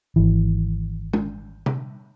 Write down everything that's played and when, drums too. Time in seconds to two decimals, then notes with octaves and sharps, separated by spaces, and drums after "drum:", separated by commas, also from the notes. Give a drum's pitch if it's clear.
0.16 G#1 E3
1.13 drum: tom G#3
1.66 drum: tom C3